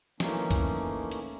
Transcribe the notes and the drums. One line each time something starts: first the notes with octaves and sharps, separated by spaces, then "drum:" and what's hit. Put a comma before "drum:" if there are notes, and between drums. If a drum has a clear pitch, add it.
E3 A3 A#3 C#4 D#4, drum: snare
drum: kick, hi-hat
drum: hi-hat